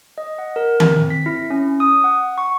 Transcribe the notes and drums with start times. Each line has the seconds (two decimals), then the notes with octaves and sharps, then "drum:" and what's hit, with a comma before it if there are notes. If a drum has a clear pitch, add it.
0.18 D#5
0.38 F#5
0.56 A#4
0.80 C4, drum: tom D#3
1.10 B6
1.26 E4
1.50 C#4
1.80 D#6
2.04 F#5
2.38 C#6